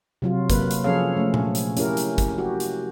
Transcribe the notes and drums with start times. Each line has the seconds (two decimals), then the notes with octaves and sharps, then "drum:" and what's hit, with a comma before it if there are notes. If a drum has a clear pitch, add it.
0.22 C3 F#3 F4
0.50 F#3 A#3 B4, drum: kick, hi-hat
0.71 drum: hi-hat
0.84 F3 C#4 G#4 A4 C#5 F5
1.17 A3 C#4
1.34 drum: tom A#2
1.55 drum: hi-hat
1.77 C#4 E4 G4 A#4, drum: hi-hat
1.97 drum: hi-hat
2.18 drum: kick, hi-hat
2.38 F#4 G4
2.60 drum: hi-hat